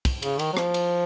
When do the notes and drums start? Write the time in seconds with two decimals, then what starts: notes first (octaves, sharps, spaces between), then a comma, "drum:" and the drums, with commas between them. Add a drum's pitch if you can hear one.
0.05 drum: kick, cymbal
0.22 C#3, drum: cymbal
0.39 D#3, drum: cymbal
0.53 F#3
0.57 F3, drum: rim click
0.74 drum: cymbal